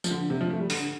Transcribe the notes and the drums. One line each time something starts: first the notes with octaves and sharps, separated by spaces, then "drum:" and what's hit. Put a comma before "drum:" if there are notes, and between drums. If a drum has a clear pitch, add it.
F3, drum: tambourine
D3
C3
F3
A3
G3
D3, drum: open hi-hat